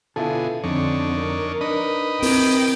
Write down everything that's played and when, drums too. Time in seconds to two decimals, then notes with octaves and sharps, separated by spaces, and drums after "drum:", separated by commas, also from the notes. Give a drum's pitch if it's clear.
0.16 B2 D3 E4 F4 G#4 A4
0.64 F2 D3 C4 D4 D#4 C#5
1.20 A#4
1.61 D4 D#4 B4 D#5
2.22 C4 E4 A#4 G5, drum: open hi-hat